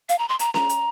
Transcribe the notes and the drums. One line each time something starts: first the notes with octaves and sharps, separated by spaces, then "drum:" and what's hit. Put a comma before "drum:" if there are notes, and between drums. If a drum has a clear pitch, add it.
F5, drum: hi-hat
A#5
C6
A#5, drum: hi-hat
A#5, drum: snare C#4
drum: hi-hat